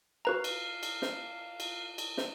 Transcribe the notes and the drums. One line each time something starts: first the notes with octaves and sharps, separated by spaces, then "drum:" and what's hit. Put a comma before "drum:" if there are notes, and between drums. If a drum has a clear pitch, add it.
F#4 B4 F5 A#5
drum: cymbal
drum: cymbal
drum: snare
drum: cymbal
drum: cymbal
drum: snare